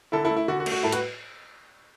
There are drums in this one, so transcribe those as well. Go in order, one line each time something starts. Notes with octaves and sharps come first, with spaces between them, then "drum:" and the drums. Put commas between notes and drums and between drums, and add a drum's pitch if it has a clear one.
D3 E4 A4
E4 A4
A3
E4
D3 F#4
F#4
A3, drum: cymbal
F#4
A2 E4 A4
F#4 B4, drum: hi-hat